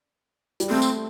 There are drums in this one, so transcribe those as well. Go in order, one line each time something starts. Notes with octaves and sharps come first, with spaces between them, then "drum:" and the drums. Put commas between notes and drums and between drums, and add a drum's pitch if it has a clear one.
G3, drum: hi-hat
A3 C4
drum: tambourine